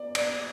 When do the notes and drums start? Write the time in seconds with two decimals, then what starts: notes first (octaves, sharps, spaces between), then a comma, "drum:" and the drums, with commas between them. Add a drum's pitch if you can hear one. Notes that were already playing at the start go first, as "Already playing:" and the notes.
Already playing: D5
0.15 D5, drum: cymbal